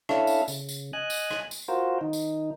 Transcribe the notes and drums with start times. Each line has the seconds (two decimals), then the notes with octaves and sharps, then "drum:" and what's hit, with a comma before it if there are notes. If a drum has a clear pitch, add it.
0.09 C#4 D4 E4 A4 E5 F5, drum: rim click
0.27 drum: tambourine
0.48 C#3, drum: tambourine
0.69 drum: tambourine
0.93 D#5 G#5 F#6
1.10 drum: tambourine
1.31 drum: rim click
1.51 drum: tambourine
1.68 F4 F#4 A#4 C5
2.01 D#3 D#4
2.13 drum: tambourine